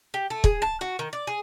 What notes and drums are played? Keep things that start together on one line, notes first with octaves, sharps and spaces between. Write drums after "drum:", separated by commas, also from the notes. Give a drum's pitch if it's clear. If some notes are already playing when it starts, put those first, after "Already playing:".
G4
A3
G#4, drum: kick
A5
F#4
D#3
D5
G#4